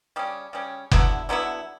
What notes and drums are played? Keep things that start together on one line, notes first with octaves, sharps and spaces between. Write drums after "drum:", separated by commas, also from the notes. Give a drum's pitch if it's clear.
C#3 G3 C#4
C#3 G3 C#4
D3 F#3 B3 E4, drum: kick F#1
D3 F#3 B3 E4